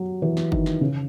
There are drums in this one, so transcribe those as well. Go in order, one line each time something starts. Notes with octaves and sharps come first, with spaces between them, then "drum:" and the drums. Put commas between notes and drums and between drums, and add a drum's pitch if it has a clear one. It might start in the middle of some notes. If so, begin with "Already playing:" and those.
Already playing: F#3
E3
drum: snare
D#3, drum: kick F#1
drum: snare
C#3